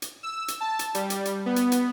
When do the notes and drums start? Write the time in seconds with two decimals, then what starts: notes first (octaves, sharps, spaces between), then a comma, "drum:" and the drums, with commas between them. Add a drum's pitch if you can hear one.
0.02 drum: hi-hat
0.23 E6
0.48 drum: hi-hat
0.61 A5
0.79 drum: hi-hat
0.95 G3, drum: hi-hat
1.10 drum: hi-hat
1.25 drum: hi-hat
1.46 B3
1.56 drum: hi-hat
1.72 drum: hi-hat